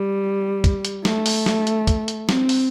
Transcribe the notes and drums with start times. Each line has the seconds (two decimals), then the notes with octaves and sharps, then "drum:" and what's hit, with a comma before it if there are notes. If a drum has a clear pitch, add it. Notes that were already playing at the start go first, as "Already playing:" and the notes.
Already playing: G3
0.64 drum: kick, hi-hat
0.85 drum: hi-hat
1.05 A3, drum: snare
1.26 drum: open hi-hat
1.46 drum: snare
1.67 drum: hi-hat
1.87 drum: kick, hi-hat
2.08 drum: hi-hat
2.29 C4, drum: snare
2.49 drum: open hi-hat